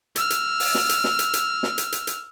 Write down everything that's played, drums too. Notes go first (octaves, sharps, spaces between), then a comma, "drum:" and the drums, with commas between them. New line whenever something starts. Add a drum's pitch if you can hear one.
E6 F6, drum: hi-hat
drum: hi-hat
drum: open hi-hat
drum: snare
drum: hi-hat
drum: snare
drum: hi-hat
drum: hi-hat
drum: snare
drum: hi-hat
drum: hi-hat
drum: hi-hat